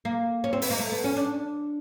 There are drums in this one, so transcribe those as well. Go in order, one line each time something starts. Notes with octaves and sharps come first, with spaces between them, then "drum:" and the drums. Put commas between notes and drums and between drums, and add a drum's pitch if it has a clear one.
A#3
C#4
C4
B3, drum: open hi-hat
A#3
A3
B3
C#4
D4